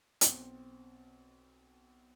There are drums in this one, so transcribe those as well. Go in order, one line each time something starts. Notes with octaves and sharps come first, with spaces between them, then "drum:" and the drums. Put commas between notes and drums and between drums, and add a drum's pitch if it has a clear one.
B1 C4, drum: hi-hat